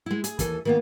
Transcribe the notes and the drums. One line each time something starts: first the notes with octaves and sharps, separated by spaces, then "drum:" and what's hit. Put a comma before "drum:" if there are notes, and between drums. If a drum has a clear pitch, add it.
G#3 E4
G#4, drum: hi-hat
D#2 E3 A4 G#5, drum: kick, hi-hat
D#3 A#3 B3